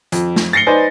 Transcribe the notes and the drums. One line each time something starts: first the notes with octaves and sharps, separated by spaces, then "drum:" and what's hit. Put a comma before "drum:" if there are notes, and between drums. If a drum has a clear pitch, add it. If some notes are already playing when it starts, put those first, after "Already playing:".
F2, drum: hi-hat
drum: snare
A6 A#6 C7 C#7 G7
D#4 B4 C5 D5 G#5